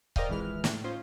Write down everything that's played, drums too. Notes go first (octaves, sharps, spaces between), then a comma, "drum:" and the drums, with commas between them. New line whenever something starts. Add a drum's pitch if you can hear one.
A#4 C5 D5 D#5 F5 G5, drum: kick C#1
G#1 F2 E3 G#3 B4 F6
A2, drum: snare
C#4 D#4 F4 C5